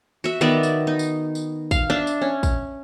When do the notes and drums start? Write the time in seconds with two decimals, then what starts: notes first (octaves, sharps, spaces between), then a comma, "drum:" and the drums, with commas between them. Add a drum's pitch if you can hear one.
0.24 F#4 E5
0.41 D#3 B3 D5 E5
0.63 drum: tambourine
0.87 D#4
0.99 drum: tambourine
1.35 drum: tambourine
1.71 F5, drum: kick, tambourine
1.90 D4 E5
2.07 drum: tambourine
2.21 C#4
2.43 drum: kick, tambourine